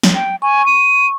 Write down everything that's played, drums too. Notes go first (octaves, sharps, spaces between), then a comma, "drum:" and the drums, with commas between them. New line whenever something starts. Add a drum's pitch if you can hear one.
drum: snare
G5
G#5 C#6
D#7